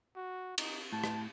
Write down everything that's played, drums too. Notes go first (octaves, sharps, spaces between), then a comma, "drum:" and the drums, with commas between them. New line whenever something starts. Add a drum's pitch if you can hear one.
F#4
D#4, drum: cymbal
A2 A5
drum: rim click